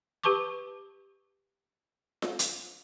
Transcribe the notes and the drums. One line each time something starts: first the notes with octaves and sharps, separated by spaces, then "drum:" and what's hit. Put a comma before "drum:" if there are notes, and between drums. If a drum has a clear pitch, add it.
G4 B4 A5 C#6 D6
drum: snare F4
drum: hi-hat